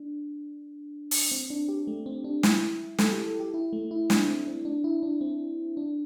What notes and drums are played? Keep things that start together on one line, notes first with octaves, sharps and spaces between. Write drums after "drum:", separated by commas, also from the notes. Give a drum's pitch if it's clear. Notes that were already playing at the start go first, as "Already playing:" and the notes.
Already playing: D4
drum: open hi-hat
C4
D4
G4
A3
C4
D4
E4, drum: snare
A4, drum: snare
G4
A4
G4
E4
A3
E4
D4, drum: snare
C4
C4
D4
E4
D4
C4
D4